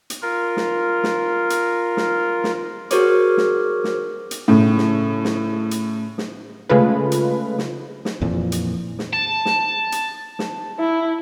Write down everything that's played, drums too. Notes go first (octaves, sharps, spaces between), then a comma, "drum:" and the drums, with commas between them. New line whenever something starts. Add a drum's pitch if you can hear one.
drum: hi-hat
F4 A#4
drum: snare
drum: snare
drum: hi-hat
drum: snare
drum: snare
F#4 G#4 A#4 C5 C#5 D6, drum: hi-hat
drum: snare
drum: snare
drum: hi-hat
A2 C#3
drum: snare
drum: snare
drum: hi-hat
drum: snare
C#3 G#3 A3 F4 B4
drum: hi-hat
drum: snare
drum: snare
F2 A#2 E3
drum: hi-hat
drum: snare
A5
drum: snare
drum: hi-hat
drum: snare
E4